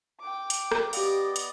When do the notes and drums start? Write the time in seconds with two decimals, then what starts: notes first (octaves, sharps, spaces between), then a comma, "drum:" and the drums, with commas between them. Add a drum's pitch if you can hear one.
0.20 G5 D6
0.50 drum: hi-hat
0.71 drum: rim click
0.93 B3 G4 D5 D#5 F5, drum: open hi-hat
1.36 drum: hi-hat